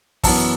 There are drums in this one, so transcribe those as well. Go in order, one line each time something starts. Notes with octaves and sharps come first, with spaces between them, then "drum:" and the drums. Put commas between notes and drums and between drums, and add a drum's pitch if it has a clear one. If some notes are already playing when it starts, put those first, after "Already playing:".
F#2 E3 B3 A5, drum: kick, open hi-hat